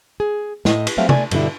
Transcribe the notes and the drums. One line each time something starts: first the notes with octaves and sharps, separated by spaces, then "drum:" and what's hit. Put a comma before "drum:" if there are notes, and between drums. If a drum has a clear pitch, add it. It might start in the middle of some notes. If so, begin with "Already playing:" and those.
G#4
A2 D#5, drum: snare
drum: cymbal
F#3 G3 A3 C4 E5 F5
A3 D5 G#5, drum: tom C3
G2 B2 D3 G3 E4, drum: cymbal